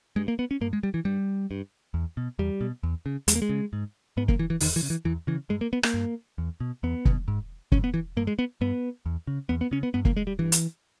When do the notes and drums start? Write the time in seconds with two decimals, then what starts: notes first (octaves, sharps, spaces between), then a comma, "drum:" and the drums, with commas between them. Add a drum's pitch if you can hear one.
0.16 G2 G#3
0.28 A#3
0.39 B3
0.51 C#4
0.61 G2 A#3
0.73 G#3
0.83 G3
0.94 E3
1.05 G2 G3
1.51 G2
1.94 E2
2.17 B2
2.39 E2 G3
2.61 B2
2.83 E2
3.06 C#3
3.28 E2 G#3, drum: hi-hat
3.36 A#3
3.42 G#3
3.49 C#3
3.73 G#2
4.17 G#2 B3
4.28 A#3, drum: kick
4.39 E3
4.50 E3
4.60 E2 D#3, drum: open hi-hat
4.76 E3
4.83 C#3
4.90 E3
5.05 E2 E3
5.27 C#3 E3
5.49 G2 G#3
5.61 A#3
5.73 B3
5.83 A#3, drum: rim click
5.94 G2
6.38 E2
6.60 B2
6.83 E2 B3
7.05 B2, drum: kick
7.28 G#2
7.72 G#2 C#4, drum: kick
7.84 B3
7.94 E3
8.17 G2 A#3
8.27 G#3
8.39 B3
8.61 G2 B3
9.06 E2
9.27 C#3
9.49 E2 B3
9.61 B3
9.71 C#3 C#4
9.83 B3
9.94 G2 B3
10.05 A#3, drum: kick
10.17 G#3
10.27 G3
10.39 G2 E3
10.52 drum: hi-hat